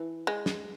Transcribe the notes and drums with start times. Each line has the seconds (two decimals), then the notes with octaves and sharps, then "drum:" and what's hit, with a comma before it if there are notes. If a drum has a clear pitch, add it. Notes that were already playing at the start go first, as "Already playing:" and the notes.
Already playing: E3
0.27 G#3
0.46 drum: snare